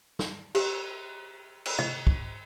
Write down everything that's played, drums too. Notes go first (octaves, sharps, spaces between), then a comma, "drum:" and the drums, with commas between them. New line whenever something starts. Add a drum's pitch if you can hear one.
drum: snare
G4, drum: cymbal
drum: cymbal
D#5, drum: tom C3
drum: kick